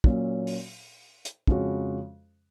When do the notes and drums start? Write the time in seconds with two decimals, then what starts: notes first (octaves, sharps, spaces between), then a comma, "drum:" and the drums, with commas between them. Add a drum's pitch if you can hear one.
0.04 A#2 F#3 C#4, drum: kick
0.47 drum: open hi-hat
1.25 drum: hi-hat
1.47 F2 C#3 G#3 C#4 F#4, drum: kick